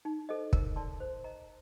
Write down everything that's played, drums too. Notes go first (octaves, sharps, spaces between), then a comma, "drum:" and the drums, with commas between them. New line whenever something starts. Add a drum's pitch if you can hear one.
D#4
A4 C5 D#5
A#4, drum: kick
D5 A5 C6
C5
D#5 A#5